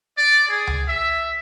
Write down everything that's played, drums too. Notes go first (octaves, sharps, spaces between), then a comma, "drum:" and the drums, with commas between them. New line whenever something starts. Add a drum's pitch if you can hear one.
D5
G#4
drum: tom C#2
E5